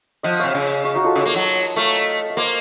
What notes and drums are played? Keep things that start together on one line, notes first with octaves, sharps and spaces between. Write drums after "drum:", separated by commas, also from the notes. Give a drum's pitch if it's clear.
F3 D#5 F#5
C3 C#5 F5
C#3
C#5 F5
D#4 F#4
F4 A4
C#3 D#5 F#5
A#3, drum: open hi-hat
F#3
A3 C#5 F5
drum: hi-hat
F5
A#3 C5 D#5